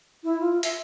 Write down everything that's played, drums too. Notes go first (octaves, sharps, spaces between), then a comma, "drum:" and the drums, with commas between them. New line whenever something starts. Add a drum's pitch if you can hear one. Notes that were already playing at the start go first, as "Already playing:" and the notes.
E4
F4
E5, drum: hi-hat